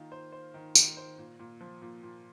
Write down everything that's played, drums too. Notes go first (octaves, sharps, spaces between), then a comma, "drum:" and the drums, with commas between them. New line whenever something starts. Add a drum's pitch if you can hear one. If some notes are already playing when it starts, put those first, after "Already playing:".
Already playing: D#3 A#3 F4
C5
C5
D#3
D#3, drum: tambourine
C5
A#2
A#2
F3
A#2
A#2